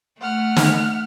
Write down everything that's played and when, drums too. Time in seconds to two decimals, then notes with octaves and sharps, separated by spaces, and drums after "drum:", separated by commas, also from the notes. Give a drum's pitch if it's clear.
0.21 A3 F#5 F6
0.56 drum: snare